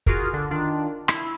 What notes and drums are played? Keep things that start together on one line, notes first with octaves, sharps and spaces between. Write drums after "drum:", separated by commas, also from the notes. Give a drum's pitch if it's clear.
F4 F#4 G#4 A#4, drum: kick
D3
D#3 D4 F4
E4, drum: rim click